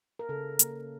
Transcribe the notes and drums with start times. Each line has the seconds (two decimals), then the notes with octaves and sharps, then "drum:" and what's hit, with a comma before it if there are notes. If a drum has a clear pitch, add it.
0.19 A#4
0.29 C#3 A4
0.59 A#3, drum: hi-hat